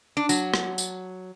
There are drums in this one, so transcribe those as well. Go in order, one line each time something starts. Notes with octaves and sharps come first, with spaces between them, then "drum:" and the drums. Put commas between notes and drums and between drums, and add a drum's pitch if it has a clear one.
D4
F#3, drum: tambourine
drum: rim click
drum: tambourine